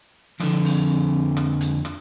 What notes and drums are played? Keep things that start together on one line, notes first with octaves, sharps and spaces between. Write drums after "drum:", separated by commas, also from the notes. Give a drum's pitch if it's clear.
F2 D3, drum: rim click
drum: open hi-hat
drum: rim click
drum: hi-hat
drum: rim click